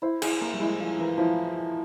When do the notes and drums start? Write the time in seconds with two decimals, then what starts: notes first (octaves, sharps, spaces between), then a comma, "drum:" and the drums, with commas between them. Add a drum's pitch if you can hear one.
0.02 E4 C5
0.22 E4 G#4, drum: cymbal
0.41 A#3 A#4
0.54 G3
0.60 G#3 E4
0.80 F3 F5
0.99 E3 A#4
1.18 F3 E4